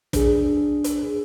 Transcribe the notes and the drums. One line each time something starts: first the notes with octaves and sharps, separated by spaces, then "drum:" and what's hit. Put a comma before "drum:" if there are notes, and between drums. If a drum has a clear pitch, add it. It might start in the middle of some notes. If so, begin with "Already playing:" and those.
D4 G#4, drum: kick, hi-hat
drum: hi-hat